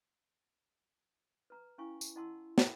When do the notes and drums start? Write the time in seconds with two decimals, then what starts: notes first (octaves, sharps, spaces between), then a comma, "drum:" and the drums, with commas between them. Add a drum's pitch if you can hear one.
1.50 B4 A#5
1.78 C#4 E4 F5 G#5 C#6
2.01 drum: tambourine
2.16 E4 D#5 F#5 A5 C6 E6
2.58 A4 E5 F5 G5 B5, drum: snare